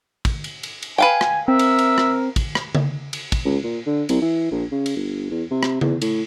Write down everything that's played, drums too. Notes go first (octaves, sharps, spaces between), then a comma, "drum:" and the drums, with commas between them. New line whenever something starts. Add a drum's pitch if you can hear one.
drum: kick, cymbal
drum: cymbal
drum: cymbal
drum: cymbal
B4 F5 G5 G#5
drum: rim click
C4 A#4 E5
drum: cymbal
drum: cymbal
drum: rim click
drum: kick, cymbal
drum: rim click
drum: tom C#3
drum: cymbal
drum: kick, cymbal
C#2
A#2
D3
C2, drum: cymbal
E3
A#1
C#3
drum: cymbal
G1
E2
C3
drum: rim click
E2, drum: tom C#3
A2, drum: cymbal